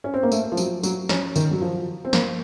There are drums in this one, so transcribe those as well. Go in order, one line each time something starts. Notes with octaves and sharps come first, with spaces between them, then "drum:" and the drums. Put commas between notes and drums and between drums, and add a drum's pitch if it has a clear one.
C#4
C4
A#3
A3, drum: tambourine
F3
F#3, drum: tambourine
F#3, drum: tambourine
C#4, drum: snare
D#3, drum: tambourine
F#3
F3
C4
A#3, drum: snare